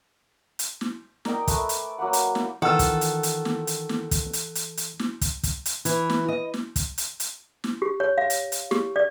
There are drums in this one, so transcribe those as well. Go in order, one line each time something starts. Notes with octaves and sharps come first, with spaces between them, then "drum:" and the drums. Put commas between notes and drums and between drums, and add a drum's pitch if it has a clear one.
drum: hi-hat
drum: snare
A#4 D5 D#5 G5, drum: snare
A3 B4 E5, drum: kick, hi-hat
drum: hi-hat
F#3 A#3 B4 F#5
drum: hi-hat
drum: snare
D#3 E3 F4 A4 F#5 E6
drum: kick, hi-hat
drum: hi-hat
drum: hi-hat
drum: snare
drum: hi-hat
drum: snare
drum: kick, hi-hat
drum: hi-hat
drum: hi-hat
drum: hi-hat
drum: snare
drum: kick, hi-hat
drum: kick, hi-hat
drum: hi-hat
E3, drum: hi-hat
drum: snare
D#5
drum: snare
drum: kick, hi-hat
drum: hi-hat
drum: hi-hat
drum: snare
G4
C#5
F5
drum: hi-hat
drum: hi-hat
G4, drum: snare
D5